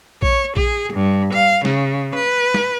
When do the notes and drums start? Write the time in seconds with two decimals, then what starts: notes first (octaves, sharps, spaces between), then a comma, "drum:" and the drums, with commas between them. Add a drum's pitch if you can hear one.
0.22 C#5, drum: kick A#1
0.57 G#4, drum: kick A#1
0.93 G2
1.33 F5
1.65 C#3, drum: snare
2.15 B4
2.54 drum: snare